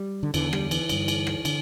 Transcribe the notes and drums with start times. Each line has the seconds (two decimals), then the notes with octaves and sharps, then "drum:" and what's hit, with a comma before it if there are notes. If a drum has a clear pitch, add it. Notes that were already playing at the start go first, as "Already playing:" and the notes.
Already playing: G3
0.23 D3
0.34 E2 D3 E3, drum: cymbal
0.53 G3, drum: rim click
0.71 E3, drum: cymbal
0.89 G2 D3, drum: cymbal
1.08 drum: cymbal
1.27 drum: rim click
1.45 D3, drum: cymbal